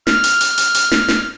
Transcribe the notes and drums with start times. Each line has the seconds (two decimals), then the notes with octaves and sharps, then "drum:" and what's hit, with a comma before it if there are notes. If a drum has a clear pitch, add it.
0.07 F6, drum: snare
0.24 drum: hi-hat
0.41 drum: hi-hat
0.58 drum: hi-hat
0.75 drum: hi-hat
0.91 drum: snare
1.08 drum: snare